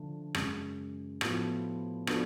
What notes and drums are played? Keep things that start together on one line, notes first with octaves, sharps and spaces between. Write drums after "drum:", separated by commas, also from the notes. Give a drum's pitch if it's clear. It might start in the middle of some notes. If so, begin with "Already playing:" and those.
Already playing: D3 F3 A3 D4
F#2 C#3 G#3 C#4, drum: rim click
A2 F3 B3 F#4, drum: rim click
F3 B3 D4 F#4 A4, drum: rim click